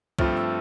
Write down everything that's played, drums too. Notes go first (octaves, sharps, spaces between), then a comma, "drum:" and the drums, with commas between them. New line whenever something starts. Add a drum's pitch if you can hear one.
G2 F3 A3 C4 F6, drum: kick C2
E6